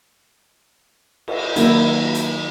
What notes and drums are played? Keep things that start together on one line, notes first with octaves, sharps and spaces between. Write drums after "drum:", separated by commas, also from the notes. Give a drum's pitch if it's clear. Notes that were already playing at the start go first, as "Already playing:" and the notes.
drum: cymbal
D#3 F#3 A#3 E4, drum: hi-hat
drum: hi-hat